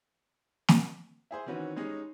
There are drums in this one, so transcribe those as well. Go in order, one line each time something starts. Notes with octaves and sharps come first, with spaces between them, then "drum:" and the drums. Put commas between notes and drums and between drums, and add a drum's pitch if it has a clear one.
drum: snare
E4 G#4 C5
D#3 E3 C4 C#4 F#4 B4
G3 G#3 C#4 D#4 G#4